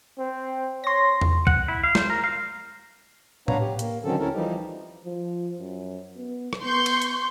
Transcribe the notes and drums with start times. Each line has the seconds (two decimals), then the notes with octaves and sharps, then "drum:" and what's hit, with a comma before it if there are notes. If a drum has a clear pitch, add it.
0.18 C4
0.84 C#5 C6 A#6
1.21 drum: tom E2
1.47 F#5, drum: kick
1.68 E4
1.84 F5
1.95 C5, drum: snare
2.10 A#4
2.24 F5
3.48 B3 D4 B4 C#5 F5 A#5, drum: tom A2
3.60 G4
3.79 A#3, drum: hi-hat
4.04 D3 D#3 F#3 C4 C#4 A4
4.19 D2 C#4 E4 A4 A#4
4.34 E3 F3 G3 D#4 G4
5.06 F3
5.59 F#2
6.17 B3
6.53 drum: rim click
6.64 B3 C6 C#6 G6
6.86 drum: cymbal
7.02 drum: hi-hat